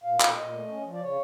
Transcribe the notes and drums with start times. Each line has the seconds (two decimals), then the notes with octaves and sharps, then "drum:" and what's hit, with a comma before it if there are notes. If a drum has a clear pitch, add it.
0.03 A#2 F5
0.20 A#2, drum: clap
0.36 A#2 D#5
0.52 A3
0.68 C#4
0.84 F3
0.93 D5
1.01 C#3 C#5